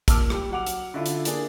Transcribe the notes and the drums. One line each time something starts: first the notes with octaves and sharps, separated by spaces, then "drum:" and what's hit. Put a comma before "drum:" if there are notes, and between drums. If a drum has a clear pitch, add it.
A#2 A5 D6 E6 F6, drum: kick, hi-hat
G3 G4, drum: rim click
F#3 F#5 D6 F7
drum: hi-hat
D3 E4 F4
drum: hi-hat
A#3 D4 G#4, drum: hi-hat